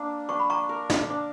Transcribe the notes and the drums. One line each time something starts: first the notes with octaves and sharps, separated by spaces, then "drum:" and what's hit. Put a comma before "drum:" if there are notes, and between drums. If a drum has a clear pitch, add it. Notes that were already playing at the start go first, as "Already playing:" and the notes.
Already playing: A#3 D4
D4 C#6
B5
A#5 C#6
A#4
drum: snare
D4